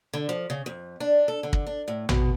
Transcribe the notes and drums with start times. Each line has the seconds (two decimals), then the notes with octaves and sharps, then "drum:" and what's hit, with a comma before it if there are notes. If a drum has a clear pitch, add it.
0.13 D3
0.29 F3
0.50 C#3
0.66 F2
1.00 D4
1.28 A4
1.43 D3
1.53 drum: kick
1.67 D4
1.88 A2
2.09 B2, drum: tom A1